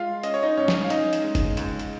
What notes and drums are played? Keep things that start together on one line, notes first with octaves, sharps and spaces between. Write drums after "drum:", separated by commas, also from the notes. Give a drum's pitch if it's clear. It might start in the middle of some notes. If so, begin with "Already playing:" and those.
Already playing: G#3 F4 F5
C#4 D#5, drum: hi-hat
C#5
D#4 D#5
G#2 C#4 C#5
drum: snare
F5
C#4 D#4 D#5, drum: hi-hat
drum: hi-hat
G#3
drum: kick F1, hi-hat
C#2, drum: hi-hat
drum: hi-hat